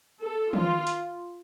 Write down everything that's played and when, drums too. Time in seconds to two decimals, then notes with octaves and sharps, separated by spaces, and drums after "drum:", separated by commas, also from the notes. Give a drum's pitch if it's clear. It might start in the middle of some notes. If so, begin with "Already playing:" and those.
0.21 A4
0.53 F4, drum: tom
0.87 drum: hi-hat